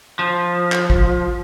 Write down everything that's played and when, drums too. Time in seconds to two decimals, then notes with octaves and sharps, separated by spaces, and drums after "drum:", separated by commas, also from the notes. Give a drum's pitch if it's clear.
0.19 F3
0.72 drum: clap
0.90 drum: kick